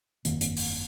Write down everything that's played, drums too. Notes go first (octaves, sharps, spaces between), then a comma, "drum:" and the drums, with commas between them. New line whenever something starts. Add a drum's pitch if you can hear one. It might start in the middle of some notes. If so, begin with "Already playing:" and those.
G1 F2 D#3 A#3, drum: hi-hat
drum: hi-hat
drum: open hi-hat